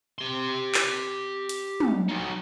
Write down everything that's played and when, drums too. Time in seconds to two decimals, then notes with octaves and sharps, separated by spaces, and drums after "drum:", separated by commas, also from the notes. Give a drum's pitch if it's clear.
0.18 G4 C6
0.74 drum: clap
1.49 drum: hi-hat
1.80 drum: tom
2.08 F#3 D#4